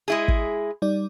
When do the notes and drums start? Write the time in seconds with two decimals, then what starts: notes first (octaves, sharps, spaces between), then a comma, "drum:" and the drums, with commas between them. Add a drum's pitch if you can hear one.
0.08 G#3 E4 G#4
0.28 drum: kick
0.82 G3 D#4 D5